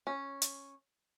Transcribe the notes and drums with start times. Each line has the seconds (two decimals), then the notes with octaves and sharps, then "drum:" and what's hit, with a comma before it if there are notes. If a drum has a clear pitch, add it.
0.07 C#4
0.42 drum: hi-hat